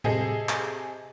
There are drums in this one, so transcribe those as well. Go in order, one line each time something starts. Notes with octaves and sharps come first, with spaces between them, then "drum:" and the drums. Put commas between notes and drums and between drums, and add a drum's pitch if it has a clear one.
C3 G#4 A4 D#5, drum: tom A2
drum: clap